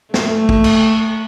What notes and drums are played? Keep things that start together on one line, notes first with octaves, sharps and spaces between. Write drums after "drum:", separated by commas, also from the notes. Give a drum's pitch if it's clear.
A3, drum: snare
drum: kick
drum: cymbal